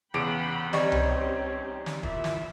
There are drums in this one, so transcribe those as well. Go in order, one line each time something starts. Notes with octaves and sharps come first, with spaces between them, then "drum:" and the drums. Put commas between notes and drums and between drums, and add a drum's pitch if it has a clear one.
E2 C#3 F#5 G5 B5 D6 D7
G3 C4 C#4 D#4 G4 C#5, drum: snare
drum: tom C2
drum: snare
A#2 E4 E5, drum: kick D#1
drum: snare